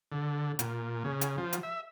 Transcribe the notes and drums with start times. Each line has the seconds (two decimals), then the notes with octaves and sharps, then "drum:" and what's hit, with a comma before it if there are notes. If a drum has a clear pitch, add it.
0.12 D3
0.59 A#2, drum: hi-hat
1.04 C#3
1.21 drum: hi-hat
1.38 F3
1.53 drum: hi-hat
1.63 E5